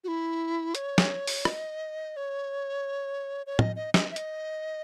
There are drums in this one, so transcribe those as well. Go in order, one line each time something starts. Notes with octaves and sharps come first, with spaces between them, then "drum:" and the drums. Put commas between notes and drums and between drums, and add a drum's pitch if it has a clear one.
F#4
E4
C#5, drum: hi-hat
drum: snare
drum: open hi-hat
D#5, drum: rim click
C#5
C#5
D#5, drum: tom
D#5
D#5, drum: snare
E5
D#5, drum: hi-hat